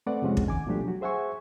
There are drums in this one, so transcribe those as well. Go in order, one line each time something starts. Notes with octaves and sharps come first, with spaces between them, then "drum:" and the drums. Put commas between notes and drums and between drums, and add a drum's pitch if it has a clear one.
A3 C4 B4 D5 F#5
F2 C3 F3 G#3 C#4 F#5
drum: kick
D#3 G#5 D6
B2 F3 G3 A3 D4 G4
F#3 F#4
G#4 C5 E5 F#5 G#5 C#6